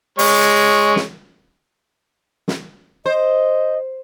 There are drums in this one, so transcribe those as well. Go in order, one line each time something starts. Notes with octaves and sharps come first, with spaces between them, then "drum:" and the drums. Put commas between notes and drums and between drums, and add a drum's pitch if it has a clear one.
G#3 C#5, drum: open hi-hat
drum: snare
drum: snare
C5 D#5